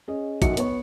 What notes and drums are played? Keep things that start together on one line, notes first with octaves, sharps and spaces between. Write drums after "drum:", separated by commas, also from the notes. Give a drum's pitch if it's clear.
C#4 G#4 D#5
B1 F#2 F#4 D#5 E5 C#7, drum: kick, hi-hat
B3 C#5 C#6, drum: hi-hat